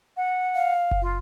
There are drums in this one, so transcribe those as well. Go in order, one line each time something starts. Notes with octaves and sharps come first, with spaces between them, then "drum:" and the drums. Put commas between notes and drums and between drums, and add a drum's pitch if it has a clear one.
F#5
F5
drum: kick F#1
F4